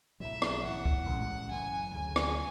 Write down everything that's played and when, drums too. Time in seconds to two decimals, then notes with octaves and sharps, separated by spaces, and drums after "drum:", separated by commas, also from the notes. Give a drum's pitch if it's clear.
0.20 B1 A2 F#3 E5
0.42 drum: rim click
0.64 B1 A2 E3 F#5
0.85 drum: kick
1.08 A1 A2 G#3 C#4
1.51 F#1 F#2 E3 G#5
1.94 D2 C#3 F#3 G#5
2.16 drum: rim click